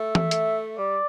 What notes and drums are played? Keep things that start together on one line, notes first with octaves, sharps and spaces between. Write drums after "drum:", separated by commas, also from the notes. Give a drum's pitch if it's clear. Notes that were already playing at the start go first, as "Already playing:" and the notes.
Already playing: A3 E5
drum: tom
A3, drum: hi-hat
G3 D5